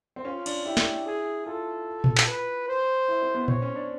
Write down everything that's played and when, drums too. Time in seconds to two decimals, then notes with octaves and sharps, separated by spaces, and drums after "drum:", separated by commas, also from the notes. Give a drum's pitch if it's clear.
0.16 C4
0.25 C#4 F4
0.46 D4, drum: cymbal
0.65 E4 G4
0.77 drum: snare
1.06 G#4
1.46 F4 A4
2.04 drum: tom A#2
2.18 drum: clap
2.27 B4
2.68 C5
3.08 E4
3.22 C4
3.34 B3
3.48 C4 C#5, drum: tom A#2
3.62 C#4
3.76 D4